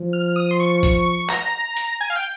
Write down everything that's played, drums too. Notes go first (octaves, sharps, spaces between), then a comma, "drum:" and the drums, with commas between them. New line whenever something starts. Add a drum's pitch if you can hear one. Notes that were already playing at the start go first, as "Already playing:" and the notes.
Already playing: F3
F6
D#6
C6
C#6
drum: kick A1, hi-hat
A#5, drum: clap
drum: hi-hat
G#5
F5
G5